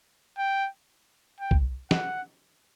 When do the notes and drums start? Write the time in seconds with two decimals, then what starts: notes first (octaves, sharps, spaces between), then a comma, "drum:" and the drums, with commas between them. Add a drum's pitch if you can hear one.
0.38 G5
1.40 G5
1.51 drum: kick C2
1.91 F#5, drum: snare